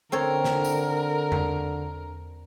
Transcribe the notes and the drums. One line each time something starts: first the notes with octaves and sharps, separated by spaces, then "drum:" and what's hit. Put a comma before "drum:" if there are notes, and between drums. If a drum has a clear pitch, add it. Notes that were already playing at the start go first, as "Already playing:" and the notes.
D3 C4 A4 A#4 C#5
drum: snare
drum: tambourine
drum: tom E2